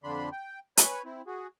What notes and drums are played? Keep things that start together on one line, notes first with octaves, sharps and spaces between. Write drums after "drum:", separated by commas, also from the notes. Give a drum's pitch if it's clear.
F2 D3 D4 B5 C6
G5
B4 C#5 G#5 B5, drum: hi-hat
C4 E4
F#4 G#4